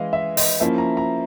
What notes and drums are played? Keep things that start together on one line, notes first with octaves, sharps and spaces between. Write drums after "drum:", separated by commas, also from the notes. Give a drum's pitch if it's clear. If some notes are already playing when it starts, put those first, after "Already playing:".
Already playing: E3 G#3 E4 D#5 F5
E5
D#5, drum: open hi-hat
F3 A#3 C#4 E4 E5
A#5
A#5